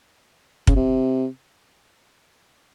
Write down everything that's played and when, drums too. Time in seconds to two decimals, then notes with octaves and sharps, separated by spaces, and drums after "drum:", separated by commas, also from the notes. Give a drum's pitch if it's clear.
0.67 C#3, drum: kick
0.76 C3